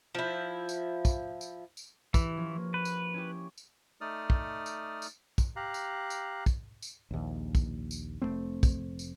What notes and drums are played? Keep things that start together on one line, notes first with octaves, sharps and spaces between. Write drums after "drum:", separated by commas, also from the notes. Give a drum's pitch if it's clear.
F3 E4
drum: tambourine
drum: kick, tambourine
drum: tambourine
drum: tambourine
E3 E4 G4 B4, drum: kick, tambourine
F3 C#4
A#3
B4
drum: tambourine
C#4 E4 G4
drum: tambourine
A3 D#4 D5 D#6 F6
drum: kick
drum: tambourine
drum: tambourine
drum: kick, tambourine
G4 F5 A#5 F#6
drum: tambourine
drum: tambourine
drum: kick, tambourine
drum: tambourine
A#1 D#2
drum: kick, tambourine
drum: tambourine
F1 G#2 A3 C4
drum: kick, tambourine
drum: tambourine